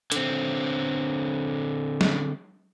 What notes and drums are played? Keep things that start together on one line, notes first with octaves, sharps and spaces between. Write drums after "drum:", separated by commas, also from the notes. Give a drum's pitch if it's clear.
D3 C4, drum: hi-hat
drum: snare